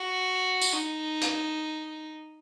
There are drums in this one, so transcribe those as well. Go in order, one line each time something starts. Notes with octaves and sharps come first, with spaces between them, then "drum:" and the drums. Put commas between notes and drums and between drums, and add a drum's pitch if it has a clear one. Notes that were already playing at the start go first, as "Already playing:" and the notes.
Already playing: F#4
drum: tambourine
D#4
drum: hi-hat